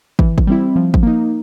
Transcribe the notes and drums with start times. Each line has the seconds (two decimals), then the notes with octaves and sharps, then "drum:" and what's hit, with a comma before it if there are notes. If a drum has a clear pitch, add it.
0.19 E3, drum: kick
0.38 drum: kick
0.47 G3 C4 E4
0.76 F3
0.94 drum: kick
1.03 A#3 D#4